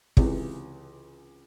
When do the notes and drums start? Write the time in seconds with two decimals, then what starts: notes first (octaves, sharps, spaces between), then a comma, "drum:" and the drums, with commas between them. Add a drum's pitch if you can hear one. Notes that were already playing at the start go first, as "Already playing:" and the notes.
0.17 C#2 C3 E3, drum: kick